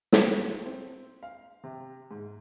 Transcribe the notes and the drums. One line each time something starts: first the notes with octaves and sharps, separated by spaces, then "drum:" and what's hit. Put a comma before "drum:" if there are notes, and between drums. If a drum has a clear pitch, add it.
A5, drum: snare
A#2
C4
F5
C3
G#2